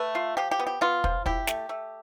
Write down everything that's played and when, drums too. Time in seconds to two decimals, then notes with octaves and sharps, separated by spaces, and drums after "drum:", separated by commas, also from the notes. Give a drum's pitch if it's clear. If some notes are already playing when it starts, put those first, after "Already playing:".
Already playing: A3 B4
0.15 F4
0.37 F3 G4
0.51 G4
0.59 B3
0.67 G4
0.81 B3 F4
1.04 F3, drum: kick
1.26 E4 G4, drum: kick
1.47 A3, drum: snare
1.69 A3